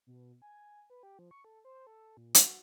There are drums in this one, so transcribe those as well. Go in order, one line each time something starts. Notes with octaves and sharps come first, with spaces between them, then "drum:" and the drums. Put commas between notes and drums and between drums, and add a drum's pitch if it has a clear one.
B2
G#5
B4
G4
F3
C#6
A4
C5
A4
A#2
F#4, drum: hi-hat